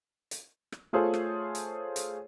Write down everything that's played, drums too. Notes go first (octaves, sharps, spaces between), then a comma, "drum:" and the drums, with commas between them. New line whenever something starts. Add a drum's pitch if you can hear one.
drum: hi-hat
drum: rim click
A3 F4 G#4 A4 C5 C#5
drum: rim click
drum: hi-hat
drum: hi-hat